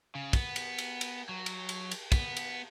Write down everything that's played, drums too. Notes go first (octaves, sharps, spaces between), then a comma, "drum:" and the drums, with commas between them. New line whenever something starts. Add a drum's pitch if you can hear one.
C#3
B3, drum: kick, cymbal
drum: cymbal
drum: cymbal
drum: cymbal
F#3
drum: cymbal
drum: cymbal
drum: cymbal
B3, drum: kick, cymbal
drum: cymbal